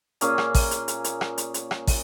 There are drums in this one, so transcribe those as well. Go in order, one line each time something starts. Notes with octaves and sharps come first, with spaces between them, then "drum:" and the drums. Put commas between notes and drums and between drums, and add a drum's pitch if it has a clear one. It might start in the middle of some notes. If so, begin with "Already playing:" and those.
A#2 A#3 C#4 G#4, drum: hi-hat
drum: rim click
drum: kick, open hi-hat
drum: hi-hat
drum: hi-hat
drum: hi-hat
drum: rim click
drum: hi-hat
drum: hi-hat
drum: rim click
drum: kick, open hi-hat